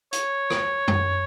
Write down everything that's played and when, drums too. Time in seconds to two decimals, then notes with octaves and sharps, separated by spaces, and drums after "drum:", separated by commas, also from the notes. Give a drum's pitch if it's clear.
0.13 C#5, drum: hi-hat
0.50 drum: rim click
0.88 drum: tom F#2